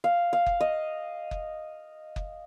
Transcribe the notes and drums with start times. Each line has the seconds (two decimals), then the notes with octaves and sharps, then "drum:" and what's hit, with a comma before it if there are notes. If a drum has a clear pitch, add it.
0.04 F5
0.33 F5
0.46 drum: kick F#1
0.60 D#5
1.31 drum: kick F#1
2.16 drum: kick F#1